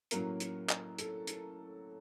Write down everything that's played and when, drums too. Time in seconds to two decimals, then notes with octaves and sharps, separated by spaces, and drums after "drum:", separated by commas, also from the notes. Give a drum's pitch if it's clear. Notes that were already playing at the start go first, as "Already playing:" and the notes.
0.11 A2 F#3 A#3 C#4 A#4, drum: hi-hat
0.40 drum: hi-hat
0.69 drum: clap
0.99 A4, drum: hi-hat
1.27 drum: hi-hat